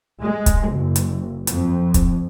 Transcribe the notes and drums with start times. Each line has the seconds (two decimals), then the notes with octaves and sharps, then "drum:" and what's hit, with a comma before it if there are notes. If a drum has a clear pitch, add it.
0.22 G#3
0.46 drum: kick, hi-hat
0.68 F#1
0.96 drum: hi-hat
1.47 F2, drum: hi-hat
1.94 drum: kick, hi-hat